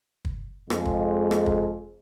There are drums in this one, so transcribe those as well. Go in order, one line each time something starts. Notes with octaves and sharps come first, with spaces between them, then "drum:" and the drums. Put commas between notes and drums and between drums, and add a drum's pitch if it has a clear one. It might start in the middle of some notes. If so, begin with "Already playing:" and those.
drum: kick
F2 G#3, drum: rim click
drum: kick
drum: rim click
drum: kick